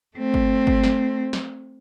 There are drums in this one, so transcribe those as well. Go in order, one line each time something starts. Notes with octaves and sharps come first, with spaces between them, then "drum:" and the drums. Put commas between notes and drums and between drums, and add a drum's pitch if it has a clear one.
A3 C4
drum: kick G1
drum: kick G1
drum: snare
drum: snare